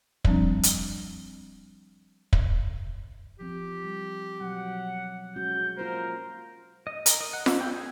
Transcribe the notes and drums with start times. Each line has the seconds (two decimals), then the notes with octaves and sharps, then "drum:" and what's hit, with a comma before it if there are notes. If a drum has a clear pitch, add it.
0.25 F3 G3 C4 D4, drum: kick
0.63 drum: hi-hat
2.33 drum: kick
3.39 E3 F3 C4 G4
3.84 G3
4.41 B2 F#3 F#5
5.36 G#3 C#4 F#4 G6
5.78 A#3 F4 A#4 C5
6.87 D#5
7.06 A#4, drum: hi-hat
7.21 D#5
7.33 F#5
7.46 E5, drum: snare F4
7.61 G5
7.73 G#4